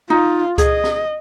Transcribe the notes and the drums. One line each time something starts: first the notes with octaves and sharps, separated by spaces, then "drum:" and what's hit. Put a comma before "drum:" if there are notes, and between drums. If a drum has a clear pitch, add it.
D#4 F4
G#4 D#5, drum: kick C#2, hi-hat
drum: snare